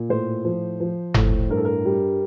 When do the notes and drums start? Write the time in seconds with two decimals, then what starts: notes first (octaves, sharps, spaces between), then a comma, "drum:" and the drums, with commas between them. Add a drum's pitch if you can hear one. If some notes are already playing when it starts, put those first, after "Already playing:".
Already playing: A#2
0.09 A2 C5
0.45 F3
0.80 F3
1.14 A2, drum: tom F#1
1.50 G2 A#4
1.57 A4
1.65 A#4
1.85 G3